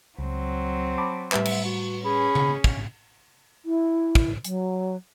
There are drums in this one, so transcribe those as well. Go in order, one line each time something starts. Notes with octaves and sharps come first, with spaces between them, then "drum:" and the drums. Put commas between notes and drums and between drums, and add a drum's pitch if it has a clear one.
C#2 F#3 C4
A5 B5 D6
A2 G3 B4 E5, drum: clap
drum: cymbal
F#4
C#4 G#4 B5
drum: tom C#3
drum: kick
E4
drum: kick
F#3, drum: hi-hat